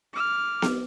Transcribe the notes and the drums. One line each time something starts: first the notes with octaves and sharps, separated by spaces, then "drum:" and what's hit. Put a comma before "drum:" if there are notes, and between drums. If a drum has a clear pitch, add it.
D6 F6
drum: snare B3